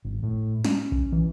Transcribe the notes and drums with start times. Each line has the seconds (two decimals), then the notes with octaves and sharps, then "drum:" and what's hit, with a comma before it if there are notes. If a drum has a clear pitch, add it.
0.05 G#1
0.23 A2
0.65 C#4, drum: snare
0.92 drum: kick B1
1.12 E3